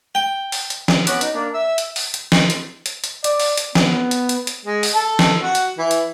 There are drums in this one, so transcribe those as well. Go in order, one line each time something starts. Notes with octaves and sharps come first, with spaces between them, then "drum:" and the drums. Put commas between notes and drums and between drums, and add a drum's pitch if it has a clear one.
G5
drum: open hi-hat
drum: hi-hat
drum: snare
B3 C#4 F#4 B5 D6 F#6, drum: hi-hat
D#4, drum: hi-hat
A#3 D4
E5 E6
drum: hi-hat
drum: open hi-hat
drum: hi-hat
drum: snare
drum: hi-hat
drum: hi-hat
drum: hi-hat
D5, drum: hi-hat
drum: open hi-hat
drum: hi-hat
B3, drum: snare
drum: hi-hat
drum: hi-hat
drum: hi-hat
G#3
drum: open hi-hat
A4
drum: snare
F#4
drum: hi-hat
E3
drum: hi-hat